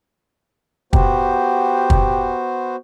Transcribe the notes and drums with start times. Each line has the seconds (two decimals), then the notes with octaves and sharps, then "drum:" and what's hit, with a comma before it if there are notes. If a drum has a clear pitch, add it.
0.93 B3 F#4 G4 C5, drum: kick
1.90 drum: kick